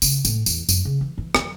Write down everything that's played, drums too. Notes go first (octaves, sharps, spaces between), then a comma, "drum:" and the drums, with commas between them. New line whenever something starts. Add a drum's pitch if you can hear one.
C#3, drum: tambourine
A2, drum: tambourine
E2, drum: tambourine
F#2, drum: tambourine
C#3
E3
E3
F#3, drum: rim click